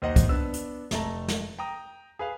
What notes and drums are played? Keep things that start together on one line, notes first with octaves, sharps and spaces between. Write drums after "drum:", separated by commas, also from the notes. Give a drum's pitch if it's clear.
D#2 C5 D#5 F#5
drum: kick C2, hi-hat
B3 D4 E6
drum: hi-hat
F1 A3 A5 A#5, drum: snare
drum: snare
G5 A#5 D#6
G#4 B4 F5